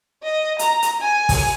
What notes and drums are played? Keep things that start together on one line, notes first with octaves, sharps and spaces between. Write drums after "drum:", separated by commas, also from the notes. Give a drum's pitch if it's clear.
D#5
A#5, drum: hi-hat
drum: hi-hat
G#5
drum: kick, open hi-hat